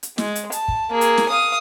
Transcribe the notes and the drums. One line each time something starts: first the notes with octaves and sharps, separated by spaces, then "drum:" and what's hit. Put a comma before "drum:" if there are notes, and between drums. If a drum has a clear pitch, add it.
drum: hi-hat
G#3, drum: snare
drum: hi-hat
A5, drum: hi-hat
drum: kick
A#3 G#4
drum: hi-hat
drum: snare
F5 D#6